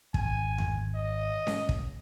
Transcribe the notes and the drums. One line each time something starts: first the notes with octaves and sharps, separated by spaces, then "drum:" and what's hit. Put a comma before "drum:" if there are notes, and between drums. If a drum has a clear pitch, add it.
G#1 G#5, drum: kick
drum: tom E2
D#5
drum: snare C#4
drum: kick